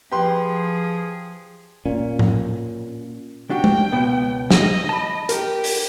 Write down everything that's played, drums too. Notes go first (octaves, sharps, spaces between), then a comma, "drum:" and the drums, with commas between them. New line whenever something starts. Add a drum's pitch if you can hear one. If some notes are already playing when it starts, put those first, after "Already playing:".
F3 G4 G#4 B4 C6
A#2 C#4
drum: tom
D4 F#4 G4 G5
drum: tom G#3
C#2 B2 B3
D#5, drum: snare
A5 B5
G4 A#4, drum: hi-hat
drum: open hi-hat